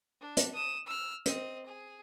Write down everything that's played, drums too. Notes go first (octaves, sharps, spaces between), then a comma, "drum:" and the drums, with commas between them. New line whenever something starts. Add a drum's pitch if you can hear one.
D4
drum: hi-hat
D#6 E7
E6 F6
C4 D#5, drum: hi-hat
G#4